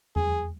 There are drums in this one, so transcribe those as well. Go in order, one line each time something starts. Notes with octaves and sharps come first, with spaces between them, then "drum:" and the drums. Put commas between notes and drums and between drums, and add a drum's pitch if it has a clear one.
G#4, drum: tom E2